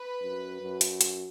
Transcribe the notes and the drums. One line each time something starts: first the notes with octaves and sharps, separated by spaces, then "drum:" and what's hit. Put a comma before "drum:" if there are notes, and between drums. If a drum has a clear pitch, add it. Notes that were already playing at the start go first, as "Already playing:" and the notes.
Already playing: B4
F#2
F#2
drum: hi-hat
drum: hi-hat